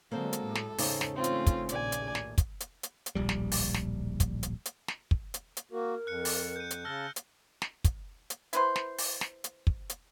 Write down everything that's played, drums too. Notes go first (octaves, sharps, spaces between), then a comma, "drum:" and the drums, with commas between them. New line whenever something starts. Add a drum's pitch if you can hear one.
D3 F#3 G#3 A#3 C4 A4 C5
drum: hi-hat
A2
drum: snare
E2 G#2 C#3 D#4 C5, drum: open hi-hat
drum: snare
E3 A3 C4 C#4 F4
drum: hi-hat
drum: kick, hi-hat
A#1 D#2 A2 D5 G#5, drum: hi-hat
drum: hi-hat
drum: snare
drum: kick, hi-hat
drum: hi-hat
drum: hi-hat
drum: hi-hat
D1 A#1 G3
drum: snare
drum: open hi-hat
drum: snare
drum: kick, hi-hat
drum: hi-hat
drum: hi-hat
drum: snare
drum: kick
drum: hi-hat
drum: hi-hat
A#3 F#4 A#4
F2 F#6 C#7
drum: open hi-hat
G6 D#7
drum: hi-hat
C#3 A5 E6 F6 A#6
drum: hi-hat
drum: snare
drum: kick, hi-hat
drum: hi-hat
E4 B4 C5, drum: hi-hat
drum: snare
drum: open hi-hat
drum: snare
drum: hi-hat
drum: kick
drum: hi-hat